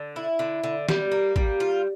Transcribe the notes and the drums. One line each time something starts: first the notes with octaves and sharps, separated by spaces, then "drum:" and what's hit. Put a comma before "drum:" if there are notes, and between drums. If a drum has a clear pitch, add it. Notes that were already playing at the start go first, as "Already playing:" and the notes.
Already playing: D3
E4
D3
D3
G3, drum: snare
A#3
G3, drum: kick A1
F4